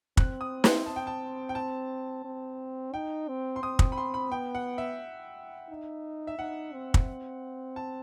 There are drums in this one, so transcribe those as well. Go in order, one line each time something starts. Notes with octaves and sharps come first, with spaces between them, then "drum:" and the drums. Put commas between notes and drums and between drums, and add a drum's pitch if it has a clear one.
C4 F#6, drum: kick
D#6
C6, drum: snare
C4 A5
G5
A5
G5
A5
C4
D#4 G5
C4
C6
C4 D#6
D#6, drum: kick
B5
C6
B5
B3 G5
F#5
E5
D#4
E5
D#4 F#5
C4
drum: kick
A5